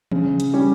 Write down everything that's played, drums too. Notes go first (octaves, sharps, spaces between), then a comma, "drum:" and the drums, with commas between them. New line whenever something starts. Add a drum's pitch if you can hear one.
C#3, drum: tom E3
drum: hi-hat
G3 C#4 G4